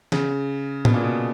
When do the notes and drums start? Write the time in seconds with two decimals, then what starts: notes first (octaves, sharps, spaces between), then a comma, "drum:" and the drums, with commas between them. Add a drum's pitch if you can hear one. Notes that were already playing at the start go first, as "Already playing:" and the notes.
0.12 C#3, drum: snare
0.85 B2, drum: tom A2
0.94 A#2
1.03 B2